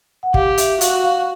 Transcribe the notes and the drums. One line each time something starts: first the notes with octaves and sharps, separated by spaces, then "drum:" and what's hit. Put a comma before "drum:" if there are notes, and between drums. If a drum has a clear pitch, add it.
F#5
G4 F5, drum: kick
E5, drum: hi-hat
F#4 F5, drum: hi-hat
F5